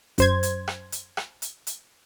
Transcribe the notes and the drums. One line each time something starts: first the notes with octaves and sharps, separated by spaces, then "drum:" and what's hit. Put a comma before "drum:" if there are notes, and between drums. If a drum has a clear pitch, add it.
F#2 C5 G#6, drum: kick, hi-hat
drum: hi-hat
drum: rim click
drum: hi-hat
drum: rim click
drum: hi-hat
drum: hi-hat